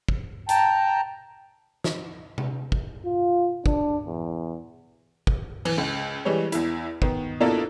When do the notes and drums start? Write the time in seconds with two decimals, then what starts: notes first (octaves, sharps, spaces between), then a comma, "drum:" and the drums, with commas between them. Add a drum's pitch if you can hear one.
0.08 drum: kick
0.49 G5 A5 A#5, drum: hi-hat
1.84 drum: snare
2.38 drum: tom C3
2.72 drum: kick
3.05 F4
3.66 D4, drum: kick
4.07 E2
5.27 drum: kick
5.65 E3, drum: cymbal
5.78 C#2
6.25 E3 G3 G#3 C#5
6.52 E2 E4, drum: hi-hat
7.02 D#3 B3, drum: kick
7.40 B2 A#3 D4 E4 F4 A4